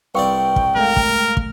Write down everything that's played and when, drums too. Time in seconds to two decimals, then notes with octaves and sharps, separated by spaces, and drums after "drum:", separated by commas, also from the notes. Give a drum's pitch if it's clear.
0.15 C2 C4 B4 D5 F5 G5 C#6
0.56 drum: kick
0.76 G#3 A3 A#4 F5
0.96 drum: kick
1.37 drum: kick